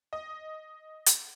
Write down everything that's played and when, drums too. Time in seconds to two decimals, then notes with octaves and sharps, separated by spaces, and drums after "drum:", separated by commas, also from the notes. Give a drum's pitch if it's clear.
0.13 D#5
1.06 drum: hi-hat